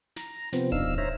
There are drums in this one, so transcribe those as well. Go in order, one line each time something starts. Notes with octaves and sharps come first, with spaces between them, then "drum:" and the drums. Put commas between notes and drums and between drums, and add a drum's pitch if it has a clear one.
A#5, drum: snare
C3 F3 B3 C4, drum: snare
F2 B2 D4 D#4 F5 E6, drum: kick D1
C5 C#5 E5 A#5